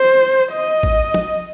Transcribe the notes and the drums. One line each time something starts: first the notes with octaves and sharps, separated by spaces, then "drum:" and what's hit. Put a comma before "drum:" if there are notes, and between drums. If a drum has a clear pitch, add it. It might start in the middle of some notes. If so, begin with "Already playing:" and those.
Already playing: C5
D#5
drum: kick G#1
drum: tom